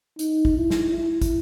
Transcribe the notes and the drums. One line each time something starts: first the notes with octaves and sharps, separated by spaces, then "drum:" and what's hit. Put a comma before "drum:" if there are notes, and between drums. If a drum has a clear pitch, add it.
D#4, drum: hi-hat
drum: kick
E4
drum: snare
E4
drum: kick, hi-hat